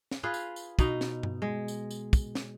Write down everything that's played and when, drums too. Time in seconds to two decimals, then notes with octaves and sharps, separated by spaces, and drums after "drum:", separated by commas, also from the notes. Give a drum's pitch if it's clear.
0.11 drum: snare
0.23 F4 G#4 B4 F5
0.34 drum: tambourine
0.56 drum: tambourine
0.79 B2 D#4, drum: kick, tambourine
1.01 drum: snare
1.23 drum: tom G2
1.42 G#3
1.68 drum: tambourine
1.91 drum: tambourine
2.13 drum: kick, tambourine
2.35 drum: snare